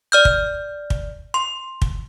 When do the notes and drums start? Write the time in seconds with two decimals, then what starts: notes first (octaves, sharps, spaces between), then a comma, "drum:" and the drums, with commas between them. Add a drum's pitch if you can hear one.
0.12 D5 F6 G6
0.25 drum: kick
0.90 drum: kick
1.34 C6
1.82 drum: kick